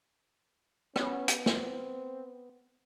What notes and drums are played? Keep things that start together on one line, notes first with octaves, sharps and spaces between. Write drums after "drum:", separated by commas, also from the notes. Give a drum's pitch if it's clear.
B3 C#4, drum: rim click
drum: hi-hat
C4, drum: snare